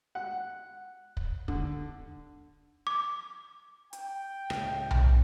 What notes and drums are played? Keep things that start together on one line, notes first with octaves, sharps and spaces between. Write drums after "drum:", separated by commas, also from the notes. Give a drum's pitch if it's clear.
F#5
drum: kick
D3, drum: kick
D6
G5, drum: hi-hat
C#2 A2, drum: rim click
drum: tom B1